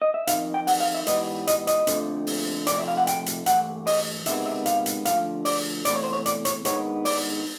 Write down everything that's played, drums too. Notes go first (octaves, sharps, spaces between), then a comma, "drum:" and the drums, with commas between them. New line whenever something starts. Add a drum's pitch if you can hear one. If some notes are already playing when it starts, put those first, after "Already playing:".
D#5
E5
F2 C3 D#3 F5, drum: hi-hat
G5
F#5, drum: open hi-hat
F5
E5
G#2 E3 G3 B3 D#5, drum: hi-hat
D#5, drum: hi-hat
D#5, drum: hi-hat
F2 D3 F3 A3, drum: hi-hat
drum: open hi-hat
F2 C3 F3 A3 D5, drum: hi-hat
E5
F5
F#5
G5, drum: hi-hat
drum: hi-hat
G2 E3 A3 F#5, drum: hi-hat
D#5, drum: open hi-hat
C#2 C3 D#3 G#3 B3 E5, drum: hi-hat
E5
F5, drum: hi-hat
drum: hi-hat
D2 D3 F3 F5, drum: hi-hat
D5, drum: open hi-hat
E2 C3 E3 A3 D5, drum: hi-hat
C#5
C5
C#5
D5, drum: hi-hat
C#5, drum: hi-hat
G2 D#3 G#3 B3 C#5, drum: hi-hat
D5, drum: open hi-hat